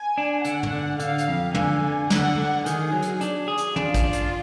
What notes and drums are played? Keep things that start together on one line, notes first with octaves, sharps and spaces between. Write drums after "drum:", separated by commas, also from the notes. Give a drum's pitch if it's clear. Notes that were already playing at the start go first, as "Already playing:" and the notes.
Already playing: G#5
D4
D3 F#5, drum: hi-hat
drum: tom
D3
D3 F5, drum: hi-hat
drum: hi-hat
F2
D3 G#5, drum: tom
D3
D3 F#5, drum: snare
D3
D#3 G#4, drum: hi-hat
F#3
drum: hi-hat
D4, drum: hi-hat
G#4
drum: hi-hat
D4 F4, drum: tom
drum: kick, hi-hat
D4
drum: hi-hat